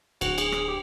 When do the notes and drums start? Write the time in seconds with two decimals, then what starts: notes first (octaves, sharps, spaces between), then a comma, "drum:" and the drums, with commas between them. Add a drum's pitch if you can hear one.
0.21 D1 F#4, drum: cymbal
0.38 G#4, drum: cymbal
0.52 drum: rim click
0.68 G4